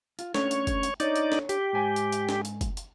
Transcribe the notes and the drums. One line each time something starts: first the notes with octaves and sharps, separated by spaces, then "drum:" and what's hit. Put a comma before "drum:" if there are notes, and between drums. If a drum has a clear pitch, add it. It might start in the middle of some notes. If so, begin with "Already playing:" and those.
F4, drum: hi-hat
A3 C#4 D4 C#5, drum: snare
drum: hi-hat
drum: kick, hi-hat
drum: hi-hat
D4 D#4 C#5 D5, drum: hi-hat
drum: hi-hat
drum: snare
G4, drum: hi-hat
G#2 G#5
drum: hi-hat
drum: hi-hat
drum: snare
drum: hi-hat
drum: kick, hi-hat
drum: hi-hat